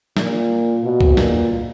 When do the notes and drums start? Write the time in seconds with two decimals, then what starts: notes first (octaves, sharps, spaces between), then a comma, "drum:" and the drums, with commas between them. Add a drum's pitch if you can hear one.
0.17 A#2, drum: snare
0.84 B2
1.01 drum: kick C2
1.17 A#2, drum: snare